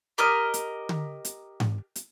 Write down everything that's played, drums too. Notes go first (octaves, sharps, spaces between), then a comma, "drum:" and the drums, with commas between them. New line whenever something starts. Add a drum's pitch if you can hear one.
G4 A#4 D#5 F6
drum: hi-hat
drum: tom D3
drum: hi-hat
drum: tom G#2
drum: hi-hat